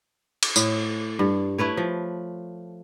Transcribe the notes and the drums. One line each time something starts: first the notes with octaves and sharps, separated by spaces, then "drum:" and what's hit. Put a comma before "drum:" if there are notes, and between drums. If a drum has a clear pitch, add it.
drum: cymbal
A2, drum: tambourine
G2
A3 E4 B4 C#5
F3